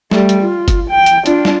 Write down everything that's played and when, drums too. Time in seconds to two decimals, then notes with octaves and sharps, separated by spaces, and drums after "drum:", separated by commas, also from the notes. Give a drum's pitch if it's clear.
0.11 G3 A3, drum: snare
0.29 drum: hi-hat
0.43 F4
0.68 drum: kick G1, hi-hat
0.90 G5
1.06 drum: hi-hat
1.26 D4 F4, drum: hi-hat
1.45 drum: snare